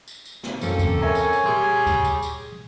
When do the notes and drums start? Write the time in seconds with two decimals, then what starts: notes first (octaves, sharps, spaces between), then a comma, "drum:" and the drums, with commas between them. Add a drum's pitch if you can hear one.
0.08 drum: tambourine
0.26 drum: tambourine
0.43 drum: snare
0.61 F#2 E3 A#3 C4 C#4 A4, drum: tambourine
0.79 drum: kick D2, tambourine
1.02 A#4 C#5 E5 G#5 A#5
1.15 drum: tambourine
1.33 drum: tambourine
1.46 A#2 G3 G4 G#4 C6 G#6
1.87 drum: kick D2, tambourine
2.05 drum: tambourine
2.22 drum: tambourine